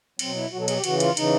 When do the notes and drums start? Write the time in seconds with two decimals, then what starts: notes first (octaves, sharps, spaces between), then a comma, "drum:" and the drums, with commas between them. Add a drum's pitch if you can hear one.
0.19 B2 F#3 C4, drum: cymbal
0.36 E4
0.52 B2 F#3 F#4
0.60 A4
0.68 G#4, drum: cymbal
0.76 G4
0.84 C#3 E3 F#4, drum: cymbal
1.00 F4, drum: cymbal
1.17 C#3 E3 D#4, drum: cymbal